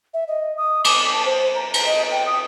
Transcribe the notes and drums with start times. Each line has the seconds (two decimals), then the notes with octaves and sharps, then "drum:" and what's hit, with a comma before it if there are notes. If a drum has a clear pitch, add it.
0.14 E5
0.28 D#5
0.57 D#6
0.84 D6, drum: cymbal
1.12 A5
1.25 C5
1.55 A#5
1.74 drum: cymbal
1.86 D#5
2.11 G5
2.26 D#6